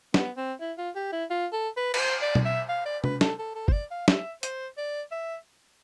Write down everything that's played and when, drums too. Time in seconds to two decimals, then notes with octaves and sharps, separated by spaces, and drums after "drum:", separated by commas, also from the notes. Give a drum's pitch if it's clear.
0.14 B3, drum: snare
0.37 C4
0.61 E4
0.78 F4
0.96 G4
1.12 E4
1.30 F4
1.53 A4
1.77 B4
1.94 B4, drum: cymbal
1.99 C5
2.22 D5
2.35 drum: tom B2
2.45 E5
2.69 F5
2.86 D5
3.04 B4, drum: tom
3.21 A4, drum: snare
3.39 A4
3.56 A4
3.68 C5, drum: kick
3.73 D5
3.91 F5
4.08 E5, drum: snare
4.43 C5, drum: hi-hat
4.78 D5
5.11 E5